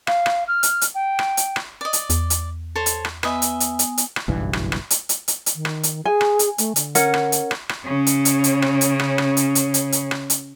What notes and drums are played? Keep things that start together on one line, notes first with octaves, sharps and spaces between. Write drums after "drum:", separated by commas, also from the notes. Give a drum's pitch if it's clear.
F5, drum: rim click
drum: rim click
F6
drum: hi-hat
drum: hi-hat
G5
drum: rim click
drum: hi-hat
drum: rim click
D5 D#5
drum: hi-hat
E2, drum: hi-hat
drum: hi-hat
A4 C5 C#5
drum: hi-hat
drum: rim click
B3 B4 D#5 E5 G#5 D#6, drum: rim click
drum: hi-hat
drum: hi-hat
drum: hi-hat
drum: hi-hat
drum: rim click
F#1 B1 G2 E3
drum: rim click
drum: rim click
drum: hi-hat
drum: hi-hat
drum: hi-hat
drum: hi-hat
D#3
drum: rim click
drum: hi-hat
G#4 G#5
drum: rim click
drum: hi-hat
A3, drum: hi-hat
D3, drum: hi-hat
C#4 A#4 F#5, drum: hi-hat
drum: rim click
drum: hi-hat
drum: rim click
drum: rim click
C#3 C#4
drum: hi-hat
drum: hi-hat
drum: hi-hat
drum: rim click
drum: hi-hat
drum: rim click
drum: rim click
drum: hi-hat
drum: hi-hat
drum: hi-hat
drum: hi-hat
drum: rim click
drum: hi-hat